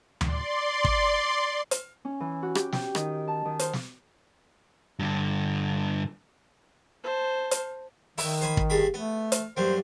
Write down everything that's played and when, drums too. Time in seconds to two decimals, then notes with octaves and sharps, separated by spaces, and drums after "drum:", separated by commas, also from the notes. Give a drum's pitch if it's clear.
0.21 D5 C6, drum: tom D2
0.84 drum: kick
1.71 drum: hi-hat
2.05 C#4
2.20 E3
2.43 F#4
2.55 G4, drum: rim click
2.72 G5, drum: snare
2.95 D#3, drum: rim click
3.28 A5
3.45 D#3
3.59 C5, drum: hi-hat
3.73 drum: snare
4.99 G2 D3
7.03 C5 A5
7.51 drum: hi-hat
8.18 D#3 E4, drum: open hi-hat
8.41 C5 G#5 B5
8.57 drum: kick
8.70 G2 G#4 B5
8.94 A3 B3
9.32 drum: hi-hat
9.57 G2 F#3 A#3 C5